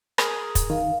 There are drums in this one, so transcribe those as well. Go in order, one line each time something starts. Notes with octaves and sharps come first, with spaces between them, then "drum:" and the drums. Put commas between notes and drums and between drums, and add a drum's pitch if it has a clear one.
G#4 A#4, drum: rim click
drum: kick, hi-hat
D#3 F5